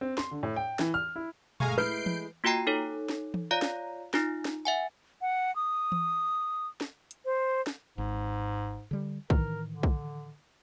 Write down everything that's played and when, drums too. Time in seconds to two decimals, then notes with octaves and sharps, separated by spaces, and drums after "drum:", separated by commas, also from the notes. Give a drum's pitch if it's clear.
0.01 C4
0.18 C6, drum: snare
0.31 D3
0.43 A2
0.56 G5
0.79 E3, drum: snare
0.94 F6
1.16 E4
1.60 G1 G#3 A3 F5 G#5 A#5 C#6, drum: tom A#2
1.78 E4 B4 B5 G6 C7 D7
2.06 drum: tom E3
2.44 A#3 F4 F#4 G5 A#5 C7
2.67 D#4 A4 C#5
3.09 drum: snare
3.34 drum: tom E3
3.51 F4 C#5 D5 F5 A#5
3.62 drum: snare
4.14 D#4 F4, drum: snare
4.45 drum: snare
4.65 E5 F#5 G#5
5.22 F#5
5.56 D#6
5.92 drum: tom E3
6.81 drum: snare
7.11 drum: hi-hat
7.25 C5
7.67 drum: snare
7.98 G#1 G#2
8.91 D3 G3
9.30 A2 D#3 E3 A#4, drum: kick B1
9.71 D3
9.83 drum: kick B1